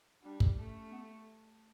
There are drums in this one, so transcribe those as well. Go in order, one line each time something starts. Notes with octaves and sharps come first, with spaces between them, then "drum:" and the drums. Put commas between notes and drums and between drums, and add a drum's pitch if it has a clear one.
G3 D4
C#4, drum: kick
A3
B3